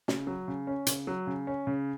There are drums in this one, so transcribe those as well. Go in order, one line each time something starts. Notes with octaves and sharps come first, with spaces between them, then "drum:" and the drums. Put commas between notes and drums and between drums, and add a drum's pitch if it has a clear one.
C#3, drum: snare
F#3
C#3
C#4
C#3, drum: hi-hat
F#3
C#3
C#4
C#3